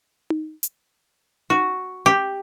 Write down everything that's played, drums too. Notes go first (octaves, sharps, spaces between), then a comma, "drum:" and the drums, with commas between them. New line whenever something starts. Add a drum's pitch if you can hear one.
drum: tom D#4
drum: hi-hat
F#4, drum: tom D#4
G4